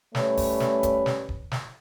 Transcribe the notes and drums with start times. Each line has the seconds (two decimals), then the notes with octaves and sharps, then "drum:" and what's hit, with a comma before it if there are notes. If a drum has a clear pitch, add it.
0.15 G3 A3 C#4 B4 C#5, drum: snare
0.37 drum: kick, open hi-hat
0.60 drum: snare
0.83 drum: kick, hi-hat
1.06 drum: snare
1.29 drum: kick
1.51 drum: snare